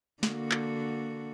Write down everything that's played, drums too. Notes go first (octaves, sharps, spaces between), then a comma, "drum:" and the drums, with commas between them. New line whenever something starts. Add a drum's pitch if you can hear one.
D3 A#3 F#4, drum: snare
drum: clap